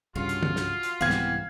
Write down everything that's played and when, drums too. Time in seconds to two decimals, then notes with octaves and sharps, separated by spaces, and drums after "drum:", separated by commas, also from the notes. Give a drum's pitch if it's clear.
0.15 C2 G2 C#3 F4 F#4
0.29 drum: hi-hat
0.43 drum: tom
0.56 drum: snare
0.83 drum: hi-hat
1.01 C2 G#2 E3 B3 C4 F5 G#6
1.10 drum: snare